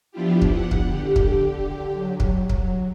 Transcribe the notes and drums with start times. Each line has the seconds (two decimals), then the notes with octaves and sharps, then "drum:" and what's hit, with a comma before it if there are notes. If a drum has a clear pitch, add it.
0.12 F3 B3 D4 E4 F4 G4
0.42 drum: kick
0.51 F#5
0.71 drum: kick
0.86 D3 G4
1.16 drum: kick
1.94 F#3
2.20 drum: kick
2.50 drum: kick